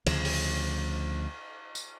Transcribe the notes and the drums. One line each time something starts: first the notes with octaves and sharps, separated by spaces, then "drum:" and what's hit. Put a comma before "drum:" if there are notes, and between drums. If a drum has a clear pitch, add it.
D2 C#3 F3, drum: cymbal
drum: open hi-hat
drum: tambourine